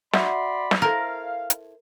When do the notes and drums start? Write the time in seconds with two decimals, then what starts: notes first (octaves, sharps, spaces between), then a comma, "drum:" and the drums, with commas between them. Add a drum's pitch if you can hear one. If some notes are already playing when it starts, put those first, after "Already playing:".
0.13 F#4 D5 E5 F#5 B5 C6, drum: snare
0.71 drum: snare
0.82 E4 A4 A#4 C5 F5
1.50 drum: hi-hat